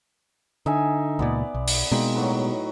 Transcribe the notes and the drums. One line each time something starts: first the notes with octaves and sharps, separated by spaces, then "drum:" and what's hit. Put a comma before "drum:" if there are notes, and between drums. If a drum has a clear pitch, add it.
D3 D#4 E5 G#5
C#2 A#2 B3 D5
B1
drum: open hi-hat
B2 G#3 A#3 C4 D#4
A2 F#3 B4